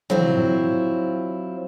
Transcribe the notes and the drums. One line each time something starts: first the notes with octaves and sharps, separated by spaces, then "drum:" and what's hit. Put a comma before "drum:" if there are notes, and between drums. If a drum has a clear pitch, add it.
F#3 C4 E4 F4, drum: tom